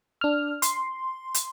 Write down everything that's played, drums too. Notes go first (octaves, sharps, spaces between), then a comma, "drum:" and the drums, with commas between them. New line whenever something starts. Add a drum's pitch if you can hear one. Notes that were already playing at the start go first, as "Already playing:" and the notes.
D4 F6
C6, drum: hi-hat
drum: hi-hat